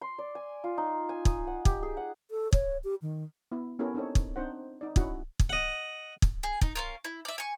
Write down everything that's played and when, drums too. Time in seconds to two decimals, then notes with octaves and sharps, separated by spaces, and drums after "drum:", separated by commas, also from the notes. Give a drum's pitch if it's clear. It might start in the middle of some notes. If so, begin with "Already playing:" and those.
0.01 C6
0.18 D5
0.35 G#5
0.64 F4
0.78 D#4
1.09 G#5
1.25 D#6, drum: kick
1.47 F#5
1.65 G4, drum: kick
1.83 G#4
1.97 F#5
2.31 A4
2.53 C#5, drum: kick
2.84 G4
3.02 D#3
3.52 B3 E4 E5
3.79 B3 C#4 E4 G4 A4 A#4
3.95 C4 D4 D#4 A4 C#5
4.15 drum: kick
4.36 C4 D4 D#4 C5 F#5
4.81 D#4 D5
4.96 C#4 E4 F#4 D#5 F#5, drum: kick
5.39 drum: kick
5.49 D#5 F#5
6.22 drum: kick
6.43 G#4
6.61 D#4, drum: kick
6.75 C#4 F4 A#4
7.04 E4
7.25 D5 E5
7.38 G#5 C#6